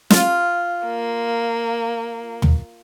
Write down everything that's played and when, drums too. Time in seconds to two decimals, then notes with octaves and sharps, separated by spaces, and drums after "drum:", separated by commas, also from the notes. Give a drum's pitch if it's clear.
0.10 F4, drum: snare
0.85 A#3
2.42 drum: tom